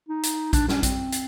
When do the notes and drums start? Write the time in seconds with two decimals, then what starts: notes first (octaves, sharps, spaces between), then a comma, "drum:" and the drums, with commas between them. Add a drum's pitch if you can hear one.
0.09 D#4
0.23 drum: hi-hat
0.53 D4, drum: kick A#1, hi-hat
0.68 C#4, drum: snare
0.83 C4, drum: kick A#1, hi-hat
1.12 drum: hi-hat